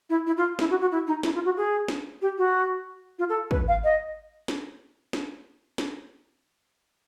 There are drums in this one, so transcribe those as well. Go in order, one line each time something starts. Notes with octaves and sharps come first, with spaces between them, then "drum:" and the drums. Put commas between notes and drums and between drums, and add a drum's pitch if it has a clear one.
E4
E4
F4
E4, drum: snare
F#4
F#4
E4
D#4
E4, drum: snare
F4
F#4
G#4
drum: snare
G4
F#4
F4
A4
B4, drum: kick
F5
D#5
drum: snare
drum: snare
drum: snare